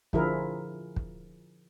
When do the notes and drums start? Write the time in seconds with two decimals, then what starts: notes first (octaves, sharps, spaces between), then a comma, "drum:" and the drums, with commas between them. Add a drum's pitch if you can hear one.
0.13 D3 F3 E4 G#4 A#4, drum: kick
0.96 drum: kick